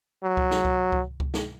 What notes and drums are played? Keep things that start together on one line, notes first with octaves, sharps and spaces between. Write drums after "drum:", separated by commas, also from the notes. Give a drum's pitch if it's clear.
F#3
drum: kick C#2
drum: snare
drum: kick C#2
drum: kick C#2
drum: kick C#2
drum: snare